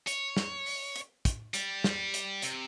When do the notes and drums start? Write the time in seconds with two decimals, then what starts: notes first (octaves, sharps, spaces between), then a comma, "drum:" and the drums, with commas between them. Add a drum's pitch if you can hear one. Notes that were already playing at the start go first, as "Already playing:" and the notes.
0.07 C#5, drum: hi-hat
0.37 drum: snare
0.66 drum: open hi-hat
0.96 drum: hi-hat
1.25 drum: kick, hi-hat
1.54 G3, drum: hi-hat
1.84 drum: snare
2.14 drum: hi-hat
2.42 C3, drum: hi-hat